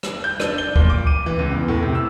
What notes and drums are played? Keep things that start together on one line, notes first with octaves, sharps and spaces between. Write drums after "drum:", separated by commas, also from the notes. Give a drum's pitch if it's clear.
drum: rim click
G6
D4, drum: rim click
G7
A#2, drum: kick D2
D6
D#7
E3
C#2
E2
A2
C3
E6